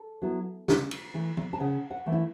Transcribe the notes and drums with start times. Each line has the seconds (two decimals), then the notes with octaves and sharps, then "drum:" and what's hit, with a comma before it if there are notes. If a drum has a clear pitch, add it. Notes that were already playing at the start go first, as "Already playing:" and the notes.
Already playing: A4
0.22 F#3 B3 E4
0.68 C#3, drum: snare
0.91 drum: cymbal
1.14 E3 A3
1.37 drum: tom F3
1.53 A5
1.60 C#3 F#5
1.90 F#5
2.06 E3 A3
2.12 E4